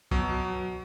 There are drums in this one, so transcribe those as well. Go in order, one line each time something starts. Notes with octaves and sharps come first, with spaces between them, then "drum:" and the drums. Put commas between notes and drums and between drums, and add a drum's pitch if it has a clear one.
B2 F#3, drum: kick B1